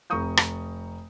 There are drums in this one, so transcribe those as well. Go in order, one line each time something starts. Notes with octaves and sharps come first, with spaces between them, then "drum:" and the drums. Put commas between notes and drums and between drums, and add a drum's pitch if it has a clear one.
F1 A#5 C#6 D#6 G6
drum: rim click